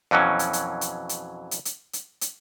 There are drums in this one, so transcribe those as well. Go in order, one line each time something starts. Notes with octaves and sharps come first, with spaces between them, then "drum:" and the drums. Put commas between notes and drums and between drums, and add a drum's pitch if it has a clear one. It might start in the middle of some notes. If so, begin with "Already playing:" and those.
F2 B2 E3 F#3 C#4
drum: hi-hat
drum: hi-hat
drum: hi-hat
drum: hi-hat
drum: hi-hat
drum: hi-hat
drum: hi-hat
drum: hi-hat